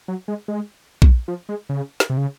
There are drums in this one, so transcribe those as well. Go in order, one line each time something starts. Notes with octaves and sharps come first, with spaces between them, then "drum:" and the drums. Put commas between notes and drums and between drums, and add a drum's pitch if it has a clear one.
F#3
G#3
G#3
drum: kick
F3
G#3
C#3
drum: snare
C3
C#3